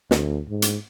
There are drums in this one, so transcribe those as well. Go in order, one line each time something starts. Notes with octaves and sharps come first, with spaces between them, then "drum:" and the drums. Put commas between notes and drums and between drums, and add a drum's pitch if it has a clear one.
D2, drum: snare
G#2
drum: hi-hat